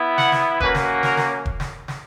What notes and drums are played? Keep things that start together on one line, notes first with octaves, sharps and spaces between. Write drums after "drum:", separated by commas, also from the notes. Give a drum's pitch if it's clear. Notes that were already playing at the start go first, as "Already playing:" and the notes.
Already playing: B3 E4
F#5, drum: snare
drum: snare
A#3 C#4 F#4 B4, drum: kick E1
drum: snare
A#4, drum: snare
drum: snare
drum: kick E1
drum: snare
drum: snare